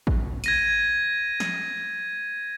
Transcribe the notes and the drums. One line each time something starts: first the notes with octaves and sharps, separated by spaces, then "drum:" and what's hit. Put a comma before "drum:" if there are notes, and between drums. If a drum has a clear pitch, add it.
drum: kick A1
G#6 A#6 D#7, drum: hi-hat
drum: snare